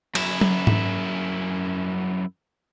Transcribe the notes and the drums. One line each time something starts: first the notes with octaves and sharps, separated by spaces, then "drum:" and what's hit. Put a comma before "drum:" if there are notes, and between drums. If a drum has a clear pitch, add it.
F#2 E4, drum: cymbal
drum: tom F#3
drum: tom G#2